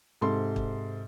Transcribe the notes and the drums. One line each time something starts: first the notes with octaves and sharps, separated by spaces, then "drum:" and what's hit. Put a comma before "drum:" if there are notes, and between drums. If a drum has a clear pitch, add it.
G#2 C3 A4 C6
drum: kick